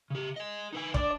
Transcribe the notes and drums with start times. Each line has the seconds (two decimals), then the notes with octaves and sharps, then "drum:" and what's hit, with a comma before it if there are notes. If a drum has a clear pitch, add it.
0.10 C#3 G4
0.36 G#4 D#5
0.73 D#4 B4 G#5
0.94 D4 D5, drum: kick